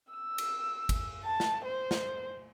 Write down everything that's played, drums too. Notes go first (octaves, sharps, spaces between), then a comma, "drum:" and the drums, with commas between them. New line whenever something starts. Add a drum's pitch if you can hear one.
E6
drum: cymbal
drum: kick G#1, cymbal
A5
drum: snare
C5
drum: snare